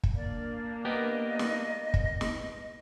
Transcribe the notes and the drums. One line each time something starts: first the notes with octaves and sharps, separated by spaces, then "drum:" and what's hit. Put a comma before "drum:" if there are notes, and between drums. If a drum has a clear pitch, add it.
drum: kick
A#3 D4 D5
B3 G4 A#4 D#5
drum: snare
drum: kick
drum: snare